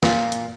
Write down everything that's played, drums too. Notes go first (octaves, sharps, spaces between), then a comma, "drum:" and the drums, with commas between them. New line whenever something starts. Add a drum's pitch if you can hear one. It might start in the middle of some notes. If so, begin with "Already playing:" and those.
A#2, drum: snare
drum: hi-hat